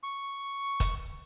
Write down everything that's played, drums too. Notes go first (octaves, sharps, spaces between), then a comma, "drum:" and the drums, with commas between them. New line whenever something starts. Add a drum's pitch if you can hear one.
C#6
drum: kick, hi-hat